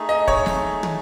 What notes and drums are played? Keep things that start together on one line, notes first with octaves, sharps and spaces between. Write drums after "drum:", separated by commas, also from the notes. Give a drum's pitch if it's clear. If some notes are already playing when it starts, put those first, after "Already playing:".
Already playing: A3 D#4 G#4
D#5
C#5, drum: kick
drum: snare
drum: tom